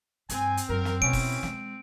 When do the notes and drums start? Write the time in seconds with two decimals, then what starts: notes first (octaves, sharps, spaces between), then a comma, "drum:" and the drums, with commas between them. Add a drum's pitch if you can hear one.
0.29 G2 C4 G#5, drum: hi-hat
0.57 drum: hi-hat
0.69 F#2 A#4
0.85 drum: snare
1.02 B2 E3 C#4 D7
1.13 drum: kick, open hi-hat
1.43 G#3, drum: snare